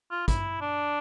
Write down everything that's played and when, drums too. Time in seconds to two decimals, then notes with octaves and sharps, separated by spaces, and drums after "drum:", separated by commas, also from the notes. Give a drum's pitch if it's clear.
0.11 F4
0.28 E4, drum: kick, hi-hat
0.61 D4